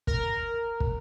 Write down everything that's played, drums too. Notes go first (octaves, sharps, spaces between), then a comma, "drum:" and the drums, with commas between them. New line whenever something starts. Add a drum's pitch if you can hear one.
A#4, drum: kick
drum: kick